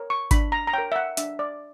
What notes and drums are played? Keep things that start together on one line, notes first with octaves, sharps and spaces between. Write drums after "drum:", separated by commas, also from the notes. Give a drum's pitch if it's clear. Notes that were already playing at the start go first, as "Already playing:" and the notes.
Already playing: A#4 C#5
C#6
D4 B5, drum: kick G#1, hi-hat
A#5
A#5
A#4 C#5 G5
E5
F#5
D4 E5, drum: hi-hat
D5